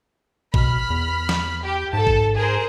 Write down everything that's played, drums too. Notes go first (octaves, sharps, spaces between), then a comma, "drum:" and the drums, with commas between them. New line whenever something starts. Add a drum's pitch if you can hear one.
B2 B5 F6, drum: kick
E2
drum: snare
G4
G#2 A4 A5
drum: kick
G#4 A#4 C5